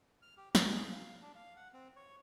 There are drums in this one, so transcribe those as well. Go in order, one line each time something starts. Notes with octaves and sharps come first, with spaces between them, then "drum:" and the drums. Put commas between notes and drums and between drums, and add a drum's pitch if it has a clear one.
F6
G4
D#4, drum: snare
G#4
F5
D4
F5
F#5
C4
C#5